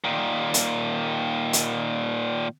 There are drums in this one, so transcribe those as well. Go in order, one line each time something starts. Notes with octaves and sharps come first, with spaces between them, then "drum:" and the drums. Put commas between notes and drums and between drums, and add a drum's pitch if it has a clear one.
A#2 D#3
drum: hi-hat
drum: hi-hat